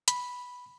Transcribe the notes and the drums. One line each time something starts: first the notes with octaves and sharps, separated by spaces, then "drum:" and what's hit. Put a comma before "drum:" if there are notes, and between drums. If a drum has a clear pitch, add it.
B5, drum: hi-hat